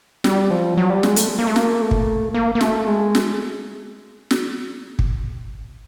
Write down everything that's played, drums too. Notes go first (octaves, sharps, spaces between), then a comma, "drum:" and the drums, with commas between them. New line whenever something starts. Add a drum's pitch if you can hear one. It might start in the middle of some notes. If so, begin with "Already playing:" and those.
G3, drum: snare
F3
F#3
G3
G#3, drum: snare
A3, drum: hi-hat
A#3
A3
A#3, drum: snare
A3
drum: kick
A#3
A#3
A3, drum: snare
G#3
drum: snare
drum: snare
drum: kick